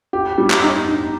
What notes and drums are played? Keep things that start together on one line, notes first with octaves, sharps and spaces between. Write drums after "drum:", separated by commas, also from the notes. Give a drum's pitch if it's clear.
G4
G3
drum: clap
D#4
D#4